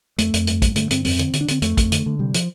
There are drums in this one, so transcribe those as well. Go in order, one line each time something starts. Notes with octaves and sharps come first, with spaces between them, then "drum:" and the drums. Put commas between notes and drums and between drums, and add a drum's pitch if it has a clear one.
F2 A3, drum: hi-hat
F2, drum: hi-hat
G2, drum: hi-hat
G2, drum: kick, hi-hat
D3 A3, drum: hi-hat
G2 C4, drum: hi-hat
F2 C4, drum: open hi-hat
D3, drum: hi-hat
D3, drum: hi-hat
D4
D3 C4, drum: hi-hat
F2 A3, drum: hi-hat
F2, drum: kick, hi-hat
D3, drum: hi-hat
D3
C3 G3
F3, drum: hi-hat